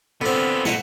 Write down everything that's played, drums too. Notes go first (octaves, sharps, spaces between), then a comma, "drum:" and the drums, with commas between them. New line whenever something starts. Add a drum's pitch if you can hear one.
D3 B3 C4 F4
A#2 F#5, drum: snare